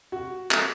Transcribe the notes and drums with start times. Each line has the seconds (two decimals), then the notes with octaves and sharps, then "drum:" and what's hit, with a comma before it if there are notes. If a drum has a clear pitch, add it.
0.12 F#4
0.51 drum: clap